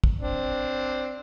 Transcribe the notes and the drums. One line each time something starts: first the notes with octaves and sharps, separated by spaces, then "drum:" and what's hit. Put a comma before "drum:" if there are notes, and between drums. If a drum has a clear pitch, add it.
drum: kick
C4 D4